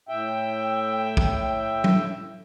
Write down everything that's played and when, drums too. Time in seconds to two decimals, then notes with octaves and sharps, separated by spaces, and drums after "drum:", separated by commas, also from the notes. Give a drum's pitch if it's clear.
0.09 A2 E5 G5
1.17 drum: kick
1.84 drum: tom